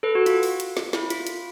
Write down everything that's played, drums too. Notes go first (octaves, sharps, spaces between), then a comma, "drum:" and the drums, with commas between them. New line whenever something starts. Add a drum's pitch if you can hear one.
A4 B4
F#4
F4, drum: hi-hat
drum: open hi-hat
drum: hi-hat
drum: snare
E4, drum: snare
F4, drum: hi-hat
F4, drum: hi-hat